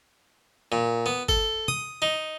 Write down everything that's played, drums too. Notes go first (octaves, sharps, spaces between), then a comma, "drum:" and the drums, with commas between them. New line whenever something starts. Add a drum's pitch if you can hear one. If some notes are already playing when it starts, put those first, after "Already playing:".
A#2
B3
A4, drum: kick G1
D#6, drum: tom
D#4